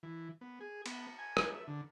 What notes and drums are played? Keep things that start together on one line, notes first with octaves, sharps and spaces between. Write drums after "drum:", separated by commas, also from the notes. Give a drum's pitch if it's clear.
E3
B3
G#4
B3, drum: cymbal
G#5
drum: rim click
E5
D3